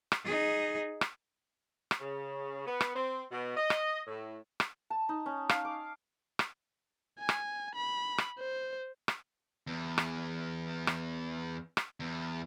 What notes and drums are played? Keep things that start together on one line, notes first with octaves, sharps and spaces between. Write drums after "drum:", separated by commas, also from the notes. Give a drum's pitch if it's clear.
drum: rim click
D#4 G#4
drum: rim click
drum: rim click
C#3
B3
drum: rim click
C4
B2
D#5
drum: rim click
A2
drum: rim click
A5
D#4
C#4
F5, drum: rim click
D6
drum: rim click
G#5
drum: rim click
B5
drum: rim click
C5
drum: rim click
E2
drum: rim click
drum: rim click
drum: rim click
E2